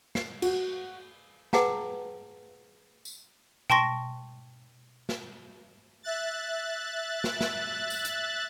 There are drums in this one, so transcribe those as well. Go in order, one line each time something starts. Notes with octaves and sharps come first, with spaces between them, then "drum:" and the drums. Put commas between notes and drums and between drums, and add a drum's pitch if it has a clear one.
C7, drum: snare
F#4, drum: cymbal
G#4 B4 F#5 G5 A5 A#5, drum: snare
drum: tambourine
G5 A5 C6 C#6 A#6, drum: tom B2
drum: snare
E5 F#6 A6
drum: snare
drum: snare
drum: tambourine
drum: hi-hat